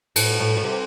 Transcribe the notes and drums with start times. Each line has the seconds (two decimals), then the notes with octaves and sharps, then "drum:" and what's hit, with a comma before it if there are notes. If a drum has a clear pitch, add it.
0.16 A2, drum: cymbal
0.40 A2
0.57 A2
0.64 C3